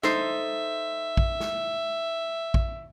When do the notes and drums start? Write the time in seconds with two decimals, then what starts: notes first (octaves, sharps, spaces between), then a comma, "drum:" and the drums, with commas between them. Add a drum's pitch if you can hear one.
0.03 D#4 A4 C5 E5, drum: snare
1.17 drum: kick A#1
1.40 drum: snare
2.54 drum: kick A#1